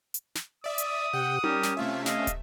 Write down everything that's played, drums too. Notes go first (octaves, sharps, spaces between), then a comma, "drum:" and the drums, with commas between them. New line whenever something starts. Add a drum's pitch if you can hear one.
drum: hi-hat
drum: snare
D5 E5 D#6
drum: hi-hat
C3 G4 F#5 G5
G3 C#4 G4 A#4, drum: tom D#4
drum: snare
C3 A3 F4 E5
D#5 F5, drum: snare
drum: kick, hi-hat